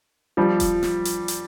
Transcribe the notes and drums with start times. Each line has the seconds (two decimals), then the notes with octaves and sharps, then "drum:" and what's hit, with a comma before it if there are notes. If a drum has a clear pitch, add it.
0.37 F3 G3
0.60 drum: kick D#1, hi-hat
0.83 drum: snare
1.05 drum: hi-hat
1.28 drum: hi-hat